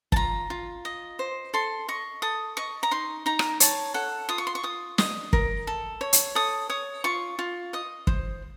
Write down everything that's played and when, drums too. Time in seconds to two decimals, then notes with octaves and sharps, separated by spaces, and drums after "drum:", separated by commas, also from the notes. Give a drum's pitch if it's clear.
0.12 A5, drum: kick
0.16 F4 A#5
0.50 F4
0.85 D#5
1.19 C5
1.54 A4 C6
1.88 D#5 C#6
2.22 A4 D#6
2.57 D#5 C#6
2.83 A#5
2.91 D#4 C6
3.26 D#4 A#5
3.39 drum: rim click
3.60 C#5 A5, drum: hi-hat
3.94 A4 F#5
4.29 F4 D#6
4.38 C#6
4.47 C6
4.55 C#6
4.63 F4 D#6
4.98 D#5 D#6, drum: snare
5.33 A#4, drum: kick
5.67 A4
6.01 C#5
6.13 drum: hi-hat
6.35 A4 D#6
6.70 C#5 D#6
7.04 F4 C#6
7.39 F4
7.73 D#5 D#6
8.07 C5, drum: kick